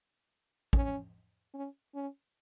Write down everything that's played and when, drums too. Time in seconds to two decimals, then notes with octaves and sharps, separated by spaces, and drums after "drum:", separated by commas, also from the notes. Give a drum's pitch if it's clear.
0.73 C#4, drum: kick
1.54 C#4
1.95 C#4